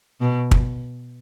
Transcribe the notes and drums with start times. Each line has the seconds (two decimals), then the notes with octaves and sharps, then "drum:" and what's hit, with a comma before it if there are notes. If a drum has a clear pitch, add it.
0.21 B2
0.51 drum: kick